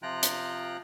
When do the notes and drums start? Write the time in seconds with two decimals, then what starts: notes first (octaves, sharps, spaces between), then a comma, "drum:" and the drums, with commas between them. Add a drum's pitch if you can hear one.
0.03 C3 F3 F4 G5 A#5 F#6
0.23 drum: hi-hat